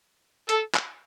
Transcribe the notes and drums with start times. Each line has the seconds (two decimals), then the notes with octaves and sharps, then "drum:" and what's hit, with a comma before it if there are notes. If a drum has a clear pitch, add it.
0.49 A4, drum: hi-hat
0.74 drum: clap